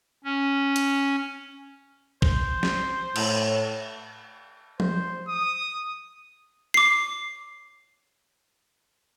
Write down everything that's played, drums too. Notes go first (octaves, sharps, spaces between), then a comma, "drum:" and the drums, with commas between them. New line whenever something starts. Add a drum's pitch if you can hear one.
C#4
drum: hi-hat
C5, drum: kick
drum: snare
A2, drum: cymbal
C5, drum: tom F3
D#6
D6 C7